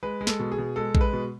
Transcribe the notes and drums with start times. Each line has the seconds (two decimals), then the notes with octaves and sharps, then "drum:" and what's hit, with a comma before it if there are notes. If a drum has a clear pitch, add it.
0.03 G#3 B4
0.21 G#3
0.27 A4, drum: snare
0.39 B2
0.52 G#4
0.58 B2
0.76 G#3 A4
0.95 G#3, drum: kick A#1
1.01 B4
1.13 B2